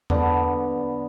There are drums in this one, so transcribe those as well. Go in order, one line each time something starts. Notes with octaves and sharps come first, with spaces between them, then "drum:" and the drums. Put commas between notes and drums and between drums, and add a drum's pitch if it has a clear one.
D3 B3, drum: tom E2